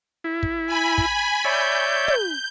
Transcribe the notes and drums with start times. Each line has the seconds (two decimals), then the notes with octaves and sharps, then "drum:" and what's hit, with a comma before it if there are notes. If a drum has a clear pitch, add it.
0.24 E4
0.43 drum: kick
0.66 G#5 B5
0.98 drum: kick
1.45 C#5 D5 E5 G6
2.08 drum: tom